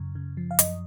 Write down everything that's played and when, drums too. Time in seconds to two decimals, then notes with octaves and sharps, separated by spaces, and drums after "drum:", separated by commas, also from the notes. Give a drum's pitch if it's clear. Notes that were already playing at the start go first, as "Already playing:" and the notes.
Already playing: F#2 C#3
0.15 C#3
0.37 F3
0.51 F5
0.59 F#2 D#5, drum: hi-hat